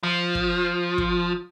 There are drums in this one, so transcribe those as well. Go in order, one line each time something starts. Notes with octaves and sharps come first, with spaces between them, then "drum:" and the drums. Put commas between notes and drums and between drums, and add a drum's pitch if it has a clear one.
F3
drum: kick
drum: kick